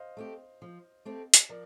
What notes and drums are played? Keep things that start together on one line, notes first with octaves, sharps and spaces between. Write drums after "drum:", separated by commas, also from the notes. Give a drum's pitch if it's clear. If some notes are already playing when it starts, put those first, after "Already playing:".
Already playing: C5 D#5 F5
A3 C4 G4
F3
A3 C4 G4
drum: hi-hat
F3 A#4 D5